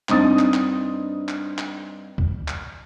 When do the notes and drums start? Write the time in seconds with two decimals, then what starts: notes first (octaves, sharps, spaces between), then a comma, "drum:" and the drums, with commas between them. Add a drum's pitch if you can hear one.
0.09 G2 C4 D#4 D#6 A6, drum: clap
0.39 drum: clap
0.54 drum: clap
1.28 drum: clap
1.58 drum: clap
2.18 drum: kick C#2
2.48 drum: clap